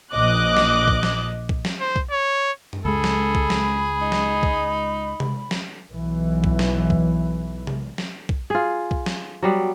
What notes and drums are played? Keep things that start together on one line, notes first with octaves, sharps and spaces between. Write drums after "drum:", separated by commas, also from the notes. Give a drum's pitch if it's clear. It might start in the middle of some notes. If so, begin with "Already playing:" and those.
A#1 D#5 D6 F#6
drum: snare
drum: kick B1
drum: snare
drum: kick B1
drum: snare
C5
drum: kick B1
C#5
drum: tom F#2
C#2 G#3 G#4 A4 B5
drum: snare
drum: kick B1
drum: snare
D#4
drum: snare
drum: kick B1
drum: tom C3
drum: snare
B1 E3
drum: kick B1
drum: snare
drum: kick B1
drum: tom C3
drum: snare
drum: kick B1
F4 G#4
drum: kick B1
drum: snare
F#3 G3 B3